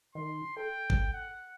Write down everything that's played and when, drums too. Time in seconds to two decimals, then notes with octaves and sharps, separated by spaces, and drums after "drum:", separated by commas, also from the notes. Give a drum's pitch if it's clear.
0.15 D#3 C6
0.57 A4 G5
0.90 drum: kick
1.13 F#5